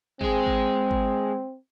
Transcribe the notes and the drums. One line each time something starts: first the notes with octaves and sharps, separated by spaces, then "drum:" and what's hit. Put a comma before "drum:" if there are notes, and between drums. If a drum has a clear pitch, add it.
G#3 C4 G#4, drum: kick G#1
drum: kick G#1
drum: kick G#1